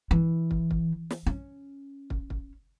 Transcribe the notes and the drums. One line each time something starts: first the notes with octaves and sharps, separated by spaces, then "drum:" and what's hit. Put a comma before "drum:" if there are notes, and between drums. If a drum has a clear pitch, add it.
E3
drum: kick
drum: kick
drum: snare
C#4
drum: kick
drum: kick